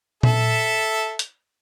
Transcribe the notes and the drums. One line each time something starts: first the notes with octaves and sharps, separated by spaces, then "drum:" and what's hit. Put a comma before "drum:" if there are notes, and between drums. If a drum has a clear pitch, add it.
A4 E5, drum: tom A#2
drum: hi-hat